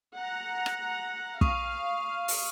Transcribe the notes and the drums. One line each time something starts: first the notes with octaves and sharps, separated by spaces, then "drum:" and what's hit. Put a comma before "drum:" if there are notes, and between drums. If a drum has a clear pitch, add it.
F#5 A#5
drum: rim click
F5 C#6 D#6, drum: kick
drum: open hi-hat